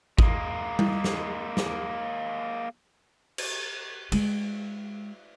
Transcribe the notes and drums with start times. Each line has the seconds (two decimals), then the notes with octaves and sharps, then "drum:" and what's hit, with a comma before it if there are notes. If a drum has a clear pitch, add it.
0.19 G#3 A#3, drum: kick G#1
0.79 drum: tom G3
1.04 drum: snare
1.57 drum: snare
3.38 drum: cymbal
4.12 G#3, drum: cymbal